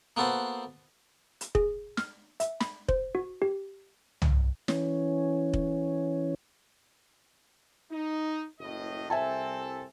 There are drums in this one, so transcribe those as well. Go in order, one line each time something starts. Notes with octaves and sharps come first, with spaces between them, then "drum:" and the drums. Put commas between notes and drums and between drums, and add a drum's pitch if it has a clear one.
A#3 B3 F#4 A4 B4 C5
drum: hi-hat
G#4, drum: kick
F6, drum: snare
E5, drum: hi-hat
B5, drum: snare
C5, drum: kick
F#4
G4
drum: tom C2
E3 C#4, drum: snare
drum: kick
D#4
F#1 A2 D#5
C2 C4 A4 E5 G#5 A5